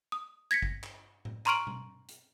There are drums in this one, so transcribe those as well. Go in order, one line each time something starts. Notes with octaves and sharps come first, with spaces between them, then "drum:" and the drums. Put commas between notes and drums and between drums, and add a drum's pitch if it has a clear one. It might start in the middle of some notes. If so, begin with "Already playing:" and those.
D#6
G#6 A#6 B6 C#7
drum: kick
drum: clap
drum: tom A2
A#5 C6 C#6 F6 D7 F#7, drum: clap
drum: tom B2
drum: hi-hat